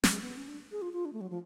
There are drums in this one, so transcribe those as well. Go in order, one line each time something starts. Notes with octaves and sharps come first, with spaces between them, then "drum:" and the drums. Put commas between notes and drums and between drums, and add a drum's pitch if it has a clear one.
G#3, drum: snare
B3
C#4
D4
G#4
F4
F4
D4
A3
F#3
F3